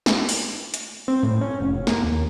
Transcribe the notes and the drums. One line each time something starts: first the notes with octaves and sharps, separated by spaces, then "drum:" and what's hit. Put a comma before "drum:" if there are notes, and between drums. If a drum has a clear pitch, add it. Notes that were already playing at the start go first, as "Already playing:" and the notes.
drum: snare
drum: open hi-hat
drum: hi-hat
C4
A2
C#4
F1
A#3, drum: snare
D#2